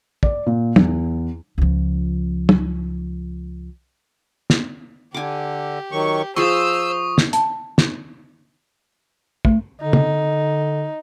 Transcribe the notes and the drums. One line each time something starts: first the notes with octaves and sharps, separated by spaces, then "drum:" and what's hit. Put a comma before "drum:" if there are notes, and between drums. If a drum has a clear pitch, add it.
D5, drum: kick
A#2
E2, drum: tom
C#2 F3
drum: tom
drum: snare
D3 G4 G#5 D6
D#3 F#3 C#6
F3 G#4 C5 C6 C#6 D#6 E6
drum: snare
A5, drum: hi-hat
drum: snare
A3, drum: kick
D3 D#4
drum: tom